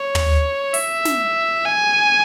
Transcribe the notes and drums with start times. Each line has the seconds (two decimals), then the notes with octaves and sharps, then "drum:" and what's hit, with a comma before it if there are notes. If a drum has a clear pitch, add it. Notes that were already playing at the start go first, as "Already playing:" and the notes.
Already playing: C#5
0.15 drum: tom
0.74 E5, drum: open hi-hat
1.05 drum: snare
1.66 G#5